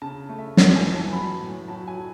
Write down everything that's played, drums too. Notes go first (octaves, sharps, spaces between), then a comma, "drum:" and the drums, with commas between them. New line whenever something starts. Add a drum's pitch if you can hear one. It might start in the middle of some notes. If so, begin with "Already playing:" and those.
C#3 A5
A3
E5
F#2 F#5, drum: snare
G#5
E3
A5
F#3 B5
A2
F#3 A5
G#5
F#3